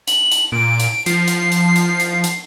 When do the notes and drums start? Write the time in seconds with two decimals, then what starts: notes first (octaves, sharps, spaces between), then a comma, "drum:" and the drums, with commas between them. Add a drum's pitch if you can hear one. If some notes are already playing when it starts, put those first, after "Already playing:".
0.08 F#7, drum: hi-hat
0.32 drum: hi-hat
0.52 A#2 D7
0.80 drum: hi-hat
1.06 F3 C7, drum: hi-hat
1.28 drum: hi-hat
1.52 drum: hi-hat
1.76 drum: hi-hat
2.00 drum: hi-hat
2.24 drum: hi-hat